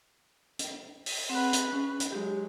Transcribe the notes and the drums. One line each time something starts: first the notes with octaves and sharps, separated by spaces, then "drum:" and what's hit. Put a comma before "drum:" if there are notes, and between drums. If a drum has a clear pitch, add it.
drum: hi-hat
drum: open hi-hat
C4 G#4 B4 F#5
drum: hi-hat
C#4
drum: hi-hat
F#3 G#3 G4